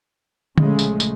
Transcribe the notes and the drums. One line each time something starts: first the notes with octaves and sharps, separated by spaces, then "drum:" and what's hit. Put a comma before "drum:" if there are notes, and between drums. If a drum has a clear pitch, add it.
A#1 C#3 F3 G#3 A3, drum: tom D3
drum: tambourine
drum: tambourine